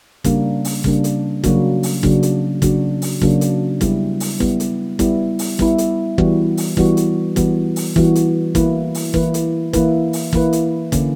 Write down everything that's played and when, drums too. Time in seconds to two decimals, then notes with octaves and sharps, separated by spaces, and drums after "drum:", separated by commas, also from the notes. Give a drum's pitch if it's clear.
0.24 C#3 G3 A#3 D4, drum: kick, hi-hat
0.65 drum: open hi-hat
0.84 C#3 G3 A#3 D4, drum: kick
1.04 drum: hi-hat
1.44 C#3 F#3 A#3 D4 F#4, drum: kick, hi-hat
1.83 drum: open hi-hat
2.03 C#3 F#3 A#3 D4 F#4, drum: kick
2.23 drum: hi-hat
2.62 C#3 F#3 A#3 D4 F#4, drum: kick, hi-hat
3.02 drum: open hi-hat
3.22 C#3 F#3 A#3 D4 F#4, drum: kick
3.41 drum: hi-hat
3.81 G3 B3 E4, drum: kick, hi-hat
4.20 drum: open hi-hat
4.40 G3 B3 E4, drum: kick
4.60 drum: hi-hat
4.99 G3 B3 E4, drum: kick, hi-hat
5.39 drum: open hi-hat
5.59 G3 B3 E4, drum: kick
5.78 drum: hi-hat
6.18 E3 G3 B3 F#4, drum: kick
6.57 drum: open hi-hat
6.77 E3 G3 B3 F#4, drum: kick
6.97 drum: hi-hat
7.36 E3 G3 B3 F#4, drum: kick, hi-hat
7.76 drum: open hi-hat
7.96 E3 G3 B3 F#4, drum: kick
8.15 drum: hi-hat
8.55 E3 A#3 E4 B4, drum: kick, hi-hat
8.95 drum: open hi-hat
9.14 E3 A#3 E4 B4, drum: kick
9.34 drum: hi-hat
9.73 E3 A#3 E4 B4, drum: kick, hi-hat
10.13 drum: open hi-hat
10.33 E3 A#3 E4 B4, drum: kick
10.53 drum: hi-hat
10.92 D3 A#3 C#4, drum: kick, hi-hat